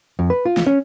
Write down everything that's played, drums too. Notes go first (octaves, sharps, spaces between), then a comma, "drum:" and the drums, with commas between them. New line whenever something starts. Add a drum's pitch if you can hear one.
F2
B4
F4
drum: snare
C#4